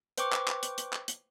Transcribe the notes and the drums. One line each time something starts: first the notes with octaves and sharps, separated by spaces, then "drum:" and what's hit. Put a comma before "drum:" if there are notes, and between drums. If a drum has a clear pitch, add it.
B4 C5 G5 C#6 D6, drum: hi-hat
drum: clap
drum: clap
drum: hi-hat
drum: hi-hat
drum: clap
drum: hi-hat